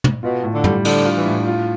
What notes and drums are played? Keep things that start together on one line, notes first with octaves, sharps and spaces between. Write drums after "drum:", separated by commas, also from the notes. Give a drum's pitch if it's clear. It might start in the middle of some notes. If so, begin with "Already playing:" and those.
drum: tom
B2 F4
A2
D3
G3, drum: tom
D3 D4, drum: cymbal
F4
E3
A2
F4